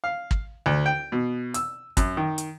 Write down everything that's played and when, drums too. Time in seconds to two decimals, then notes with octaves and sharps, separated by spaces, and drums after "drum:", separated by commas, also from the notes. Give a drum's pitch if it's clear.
0.04 F5
0.31 drum: kick
0.66 D2
0.86 G5
1.12 B2
1.54 E6, drum: hi-hat
1.97 F#2, drum: kick, hi-hat
2.17 D#3
2.38 drum: hi-hat